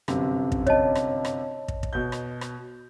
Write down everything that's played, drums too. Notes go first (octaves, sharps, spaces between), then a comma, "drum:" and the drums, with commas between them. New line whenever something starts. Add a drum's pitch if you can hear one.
G1 F#2 C3, drum: rim click
drum: kick
C#5 D#5 A5, drum: kick
drum: rim click
drum: rim click
drum: kick
drum: kick
B2 G6
drum: rim click
drum: rim click